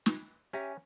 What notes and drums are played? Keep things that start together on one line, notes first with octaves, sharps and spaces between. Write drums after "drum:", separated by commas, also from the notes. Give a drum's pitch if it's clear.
drum: snare
C#4 G4 E5 G#5 A#5